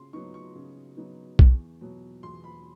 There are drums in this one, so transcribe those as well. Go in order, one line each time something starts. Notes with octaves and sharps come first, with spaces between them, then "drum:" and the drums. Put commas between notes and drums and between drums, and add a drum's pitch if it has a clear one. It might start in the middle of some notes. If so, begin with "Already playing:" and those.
Already playing: C#3 C6
F#3 B3 D#4 C#6
C#6
C#3
F#3 B3 D#4
E2, drum: kick B1
B2 F#3
E2 C6
B5